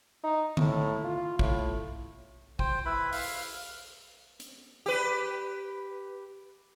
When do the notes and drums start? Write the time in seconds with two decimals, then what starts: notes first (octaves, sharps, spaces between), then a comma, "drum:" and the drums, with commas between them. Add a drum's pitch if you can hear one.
0.23 D#4
0.57 A2, drum: tom D3
1.04 F4
1.39 A2, drum: kick
2.59 C5 G5, drum: kick
2.86 E4 B4 B5
3.13 F5, drum: open hi-hat
4.40 drum: hi-hat
4.86 G4 B4